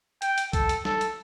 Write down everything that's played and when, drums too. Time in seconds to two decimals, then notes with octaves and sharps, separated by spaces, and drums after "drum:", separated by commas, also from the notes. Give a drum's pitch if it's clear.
0.22 G5, drum: hi-hat
0.38 drum: hi-hat
0.53 A4, drum: kick B1, hi-hat
0.69 drum: hi-hat
0.85 A4, drum: snare
1.01 drum: hi-hat